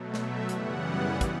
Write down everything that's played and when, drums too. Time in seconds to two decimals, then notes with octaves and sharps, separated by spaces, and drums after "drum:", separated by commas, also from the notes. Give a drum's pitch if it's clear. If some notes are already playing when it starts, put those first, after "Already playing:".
Already playing: B2 F#3 A3
0.14 E5, drum: snare
0.49 F#2 C#3 E3 G3 B3 F#5, drum: hi-hat
1.21 drum: kick, hi-hat